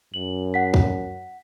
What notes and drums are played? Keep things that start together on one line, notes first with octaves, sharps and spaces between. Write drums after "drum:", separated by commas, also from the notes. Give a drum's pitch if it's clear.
F#2 F#7
F#5 B6
drum: kick